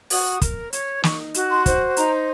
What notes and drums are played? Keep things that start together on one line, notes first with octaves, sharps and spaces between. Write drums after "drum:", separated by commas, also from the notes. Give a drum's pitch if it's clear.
F#4 D#6, drum: open hi-hat
A#4, drum: kick, hi-hat
C#5, drum: hi-hat
D#4 C#6, drum: snare
F#4, drum: hi-hat
C6
C5, drum: kick, hi-hat
D#4 A#5, drum: hi-hat